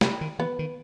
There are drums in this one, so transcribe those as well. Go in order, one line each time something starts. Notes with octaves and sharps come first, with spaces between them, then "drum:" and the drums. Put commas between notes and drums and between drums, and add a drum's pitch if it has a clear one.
C3 G3, drum: snare
D#3
E3 B3
D#3